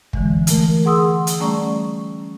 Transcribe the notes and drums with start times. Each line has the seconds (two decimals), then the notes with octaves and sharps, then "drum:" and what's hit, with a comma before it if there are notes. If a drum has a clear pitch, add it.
0.13 D3 E3 G#3, drum: kick
0.47 E3 A3 A#4, drum: hi-hat
0.85 G#4 F#5 C6 D#6 E6
1.27 drum: hi-hat
1.40 G3 A3 C#4 D5 A#5 C#6